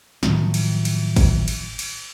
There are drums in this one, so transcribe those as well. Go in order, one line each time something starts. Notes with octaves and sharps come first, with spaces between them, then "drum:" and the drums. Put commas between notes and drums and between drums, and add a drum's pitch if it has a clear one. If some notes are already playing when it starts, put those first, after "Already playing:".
A2 D#3 F3 F#3, drum: snare
drum: cymbal
drum: cymbal
drum: kick, cymbal
drum: cymbal
drum: cymbal